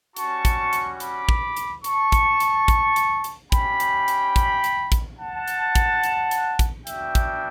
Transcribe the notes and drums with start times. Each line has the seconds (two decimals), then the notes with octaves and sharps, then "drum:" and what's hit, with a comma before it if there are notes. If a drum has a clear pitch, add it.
0.16 G3 C#4 F#4 A5 C#6, drum: hi-hat
0.45 drum: kick, hi-hat
0.73 drum: hi-hat
1.00 B5 D6, drum: hi-hat
1.29 drum: kick
1.57 drum: hi-hat
1.84 A5 C#6, drum: hi-hat
2.12 drum: kick, hi-hat
2.40 drum: hi-hat
2.68 drum: kick, hi-hat
2.96 drum: hi-hat
3.24 drum: hi-hat
3.52 C#4 G4 G5 B5, drum: kick, hi-hat
3.80 drum: hi-hat
4.08 drum: hi-hat
4.36 drum: kick, hi-hat
4.64 drum: hi-hat
4.92 drum: kick, hi-hat
5.19 F#5 A5
5.48 drum: hi-hat
5.75 drum: kick, hi-hat
6.03 drum: hi-hat
6.31 drum: hi-hat
6.59 drum: kick, hi-hat
6.87 B3 D4 F#4 E5 G5, drum: hi-hat
7.15 drum: kick, hi-hat